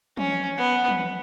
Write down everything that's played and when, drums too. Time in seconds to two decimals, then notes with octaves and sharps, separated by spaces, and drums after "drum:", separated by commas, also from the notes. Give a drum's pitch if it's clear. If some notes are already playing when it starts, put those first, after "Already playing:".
0.17 C#4, drum: tom
0.58 B3
0.89 drum: tom